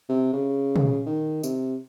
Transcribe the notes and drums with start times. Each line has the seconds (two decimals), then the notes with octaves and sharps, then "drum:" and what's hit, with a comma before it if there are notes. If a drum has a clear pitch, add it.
0.09 C3
0.33 C#3
0.76 drum: tom
1.06 D#3
1.43 C3, drum: tambourine